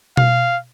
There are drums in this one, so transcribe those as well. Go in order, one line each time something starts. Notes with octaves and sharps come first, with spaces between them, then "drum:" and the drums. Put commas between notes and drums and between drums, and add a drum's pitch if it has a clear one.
F5, drum: tom B2